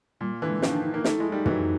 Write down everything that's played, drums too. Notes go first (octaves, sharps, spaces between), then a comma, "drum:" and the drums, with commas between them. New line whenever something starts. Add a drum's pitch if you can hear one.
A#2 G3
D3 E3
G#3
D#3 F3 C#4, drum: snare
D4
D#4
A#3 D#4
A3 D#4, drum: snare
G#3 E4
G3 D#4
E3 F#3, drum: tom